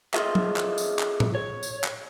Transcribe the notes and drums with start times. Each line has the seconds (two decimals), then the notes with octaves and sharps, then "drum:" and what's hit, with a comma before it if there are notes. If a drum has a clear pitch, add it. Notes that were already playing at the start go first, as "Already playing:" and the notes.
0.14 F4 G#4 A4 C#5 D#5 E5, drum: clap
0.35 drum: tom
0.56 drum: clap
0.78 drum: tambourine
0.99 drum: clap
1.20 drum: tom A2
1.35 C#5
1.63 drum: tambourine
1.84 drum: clap